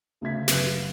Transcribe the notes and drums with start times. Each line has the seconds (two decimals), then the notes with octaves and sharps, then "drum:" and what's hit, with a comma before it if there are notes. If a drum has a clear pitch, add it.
0.21 D2 C#3 A3 E5 G#6 B6
0.48 F#1 C#3 F#3 G#4 B4 F#6, drum: snare